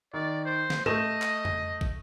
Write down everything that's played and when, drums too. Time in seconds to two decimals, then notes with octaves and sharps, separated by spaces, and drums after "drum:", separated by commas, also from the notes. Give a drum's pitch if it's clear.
0.14 D#3 D5
0.45 C5
0.70 drum: snare
0.86 A3 D#5 E7, drum: tom G#2
1.22 drum: clap
1.45 drum: tom F2
1.81 drum: kick